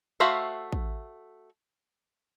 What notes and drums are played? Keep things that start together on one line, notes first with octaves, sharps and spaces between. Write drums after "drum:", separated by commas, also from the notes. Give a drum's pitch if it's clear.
A3 F#4 C5 E5 F5
drum: kick A1